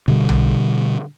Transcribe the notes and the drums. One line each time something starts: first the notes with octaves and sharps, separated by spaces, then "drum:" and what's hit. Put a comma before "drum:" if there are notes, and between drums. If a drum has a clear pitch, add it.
B2 D3 G3, drum: kick
drum: tom B1